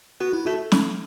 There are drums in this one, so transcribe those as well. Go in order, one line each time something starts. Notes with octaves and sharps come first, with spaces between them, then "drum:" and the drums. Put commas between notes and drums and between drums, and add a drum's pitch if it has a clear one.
B3 F#4
E4
A3 F#4
drum: snare